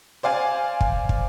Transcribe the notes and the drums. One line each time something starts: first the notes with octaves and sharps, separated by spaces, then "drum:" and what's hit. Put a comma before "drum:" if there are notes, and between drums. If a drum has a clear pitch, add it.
C5 D5 F5 G#5
drum: kick
drum: kick